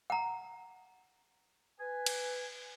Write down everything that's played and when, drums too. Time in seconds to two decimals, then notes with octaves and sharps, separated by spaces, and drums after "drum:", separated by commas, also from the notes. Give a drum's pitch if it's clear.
0.10 F#5 A#5
1.79 B4 G#5
2.06 drum: cymbal